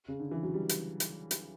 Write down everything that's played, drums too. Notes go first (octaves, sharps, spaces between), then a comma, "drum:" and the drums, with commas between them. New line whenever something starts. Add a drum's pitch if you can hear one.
C#3
D3
E3
F#3
G3
drum: hi-hat
drum: hi-hat
drum: hi-hat